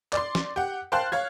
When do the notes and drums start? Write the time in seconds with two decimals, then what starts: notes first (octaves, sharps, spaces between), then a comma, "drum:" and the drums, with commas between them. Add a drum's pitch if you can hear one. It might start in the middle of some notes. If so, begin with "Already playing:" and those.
0.13 D5 C6, drum: clap
0.35 drum: snare
0.56 G4 F#5
0.92 C5 F5 G5 A5 C6 F#6
1.12 C#5 F5 G#6